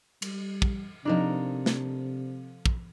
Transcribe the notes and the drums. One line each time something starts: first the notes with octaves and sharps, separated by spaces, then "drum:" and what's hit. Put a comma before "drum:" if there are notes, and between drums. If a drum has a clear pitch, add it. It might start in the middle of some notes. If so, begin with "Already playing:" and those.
G3, drum: cymbal
drum: kick
C3 F3 D4 D#4 A4 A#4 A#5
drum: snare
drum: kick